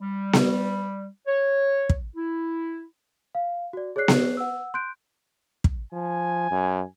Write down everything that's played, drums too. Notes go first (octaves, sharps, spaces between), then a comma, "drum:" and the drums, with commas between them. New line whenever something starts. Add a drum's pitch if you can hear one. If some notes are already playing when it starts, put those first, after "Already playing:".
G3
drum: snare B3
C#5
drum: kick
E4
F5
F#4 D5
G#4 C#5 D5 F#6 C7
drum: snare B3
F#5 E6
C6 F#6 G6 D7
drum: kick
F3 G#5
F#2